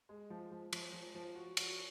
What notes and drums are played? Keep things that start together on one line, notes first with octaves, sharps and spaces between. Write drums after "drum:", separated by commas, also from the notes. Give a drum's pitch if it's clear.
G#3
F3
F3
F3, drum: cymbal
F3
F3
F#4
F#4, drum: cymbal